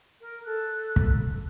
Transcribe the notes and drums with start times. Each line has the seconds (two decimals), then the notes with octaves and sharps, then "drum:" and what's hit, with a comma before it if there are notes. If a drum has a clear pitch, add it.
0.20 A#4
0.45 A4 F#6
0.96 drum: kick